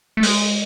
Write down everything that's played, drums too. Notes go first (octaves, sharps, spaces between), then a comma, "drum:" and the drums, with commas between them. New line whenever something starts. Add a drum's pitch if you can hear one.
A3
G#3, drum: open hi-hat